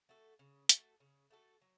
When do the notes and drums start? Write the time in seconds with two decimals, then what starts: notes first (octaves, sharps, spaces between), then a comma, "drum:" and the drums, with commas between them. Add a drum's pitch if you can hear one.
0.09 A3 F#4 A4
0.39 C#3
0.69 A3 F#4 A4, drum: hi-hat
1.00 C#3
1.30 A3 F#4 A4
1.62 F#3